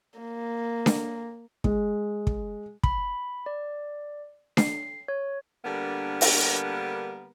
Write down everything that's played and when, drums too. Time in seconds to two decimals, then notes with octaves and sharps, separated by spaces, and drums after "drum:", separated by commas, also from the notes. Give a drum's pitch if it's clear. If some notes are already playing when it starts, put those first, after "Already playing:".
0.19 A#3
0.86 drum: snare D4
1.64 G#3, drum: kick
2.27 drum: kick
2.83 B5, drum: kick
3.46 D5
4.57 C7, drum: snare D4
5.08 C#5
5.65 D3 G3 A#3 B3 D4 A#4
6.21 drum: open hi-hat